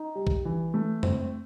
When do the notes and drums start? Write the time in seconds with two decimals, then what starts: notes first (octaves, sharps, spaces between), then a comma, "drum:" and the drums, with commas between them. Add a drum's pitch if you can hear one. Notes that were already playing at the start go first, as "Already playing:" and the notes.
Already playing: D#4
0.15 G3
0.27 drum: kick A#1
0.45 E3
0.74 A3
1.03 C4, drum: tom F2